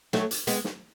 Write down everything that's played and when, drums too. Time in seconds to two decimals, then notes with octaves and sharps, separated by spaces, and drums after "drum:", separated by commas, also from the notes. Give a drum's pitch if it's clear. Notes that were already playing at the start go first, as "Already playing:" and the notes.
0.13 F#3 A3, drum: snare
0.31 drum: hi-hat
0.47 G#3 B3, drum: hi-hat
0.64 drum: snare